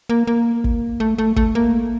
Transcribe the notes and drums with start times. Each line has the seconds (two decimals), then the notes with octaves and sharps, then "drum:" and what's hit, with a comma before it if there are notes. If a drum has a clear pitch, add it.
0.09 A#3
0.27 A#3
0.64 drum: kick
1.00 A3
1.18 A3
1.36 A3, drum: kick
1.55 A#3